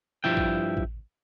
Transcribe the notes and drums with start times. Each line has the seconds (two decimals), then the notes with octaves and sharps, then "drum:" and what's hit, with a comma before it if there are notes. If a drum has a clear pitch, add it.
0.24 G2 F3 E4 G5
0.37 drum: kick A1
0.77 drum: kick A1